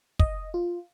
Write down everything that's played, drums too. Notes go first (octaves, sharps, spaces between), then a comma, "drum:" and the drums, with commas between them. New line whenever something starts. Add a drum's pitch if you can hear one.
D#5, drum: kick
F4